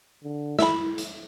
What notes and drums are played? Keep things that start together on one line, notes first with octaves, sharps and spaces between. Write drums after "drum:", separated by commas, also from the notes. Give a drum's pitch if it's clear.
D3
E4 E5 B5, drum: snare
drum: hi-hat